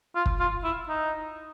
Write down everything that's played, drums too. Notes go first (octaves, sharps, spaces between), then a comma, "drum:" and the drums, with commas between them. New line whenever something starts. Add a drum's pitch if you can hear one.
F4
drum: kick
F4
E4
D#4